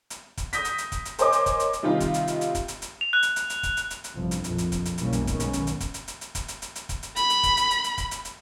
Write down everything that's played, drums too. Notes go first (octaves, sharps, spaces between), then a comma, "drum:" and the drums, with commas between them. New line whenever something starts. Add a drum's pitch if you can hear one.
drum: hi-hat
drum: kick, hi-hat
D#6 G6 A#6 B6, drum: hi-hat
drum: hi-hat
drum: hi-hat
drum: kick, hi-hat
drum: hi-hat
A#4 C5 C#5 D#5 G#5 D6, drum: hi-hat
drum: hi-hat
drum: kick, hi-hat
drum: hi-hat
drum: hi-hat
C3 D#3 G3 D#4 F4
drum: kick, hi-hat
drum: hi-hat
drum: hi-hat
drum: hi-hat
drum: kick, hi-hat
drum: hi-hat
drum: hi-hat
F7
F#6
drum: hi-hat
drum: hi-hat
drum: hi-hat
drum: kick, hi-hat
drum: hi-hat
drum: hi-hat
drum: hi-hat
A1 G2 C3 F3
drum: hi-hat
A#1 F2 A2 C3 F3, drum: hi-hat
drum: hi-hat
drum: kick, hi-hat
drum: hi-hat
F#1 B1 E3 G3 A#3 C#4, drum: hi-hat
drum: hi-hat
B1 G#2 D#3 B3 C#4, drum: kick, hi-hat
drum: hi-hat
drum: hi-hat
drum: hi-hat
drum: kick, hi-hat
drum: hi-hat
drum: hi-hat
drum: hi-hat
drum: kick, hi-hat
drum: hi-hat
drum: hi-hat
drum: hi-hat
drum: kick, hi-hat
drum: hi-hat
B5, drum: hi-hat
drum: hi-hat
drum: kick, hi-hat
drum: hi-hat
drum: hi-hat
drum: hi-hat
drum: kick, hi-hat
drum: hi-hat
drum: hi-hat